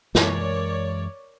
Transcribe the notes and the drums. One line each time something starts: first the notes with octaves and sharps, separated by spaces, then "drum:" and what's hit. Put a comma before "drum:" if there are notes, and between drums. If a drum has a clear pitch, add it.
F#2 E3 G#3 A#4 C#5 D5, drum: snare